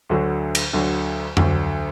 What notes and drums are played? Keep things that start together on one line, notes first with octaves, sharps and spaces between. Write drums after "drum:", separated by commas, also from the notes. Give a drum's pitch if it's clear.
D2 D3 F#3
drum: cymbal
D2 D3 F#3
D2 D3 F#3, drum: tom F2